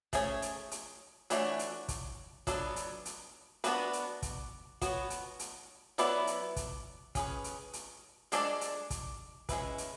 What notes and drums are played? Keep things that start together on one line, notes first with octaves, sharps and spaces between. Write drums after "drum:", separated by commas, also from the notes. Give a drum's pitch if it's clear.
A3 C#4 G#4 C#5, drum: kick, hi-hat
drum: hi-hat
drum: hi-hat
E3 A3 D4 F#4 C#5, drum: hi-hat
drum: hi-hat
drum: kick, hi-hat
F#3 B3 D4 A4, drum: kick, hi-hat
drum: hi-hat
drum: hi-hat
B3 D4 F#4 B4, drum: hi-hat
drum: hi-hat
drum: kick, hi-hat
B3 F#4 C#5, drum: kick, hi-hat
drum: hi-hat
drum: hi-hat
F#3 B3 E4 B4 D5, drum: hi-hat
drum: hi-hat
drum: kick, hi-hat
C#4 G#4 B4, drum: kick, hi-hat
drum: hi-hat
drum: hi-hat
G#3 D4 A4 D5, drum: hi-hat
drum: hi-hat
drum: kick, hi-hat
G#3 C#4 E4 B4, drum: kick, hi-hat
drum: hi-hat